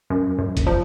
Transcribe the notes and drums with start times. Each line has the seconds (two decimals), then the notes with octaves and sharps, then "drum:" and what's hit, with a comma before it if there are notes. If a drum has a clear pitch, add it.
0.10 F#2
0.39 F#2
0.57 drum: kick G1, hi-hat
0.67 F3